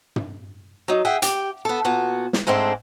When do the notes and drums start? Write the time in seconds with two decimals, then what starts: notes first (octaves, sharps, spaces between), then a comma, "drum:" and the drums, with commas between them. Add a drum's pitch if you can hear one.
0.16 drum: tom
0.88 F#3 D#4
1.05 G#4 E5 F#5 G5
1.22 G4, drum: hi-hat
1.65 B3 A4
1.85 A#2 B3 F#4
2.33 drum: snare
2.47 G#2 G#3 A3 C4 D4